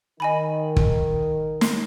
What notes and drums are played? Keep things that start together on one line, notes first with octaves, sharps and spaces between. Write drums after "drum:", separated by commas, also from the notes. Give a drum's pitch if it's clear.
D#3 D#5 G#5 B5
drum: kick
drum: snare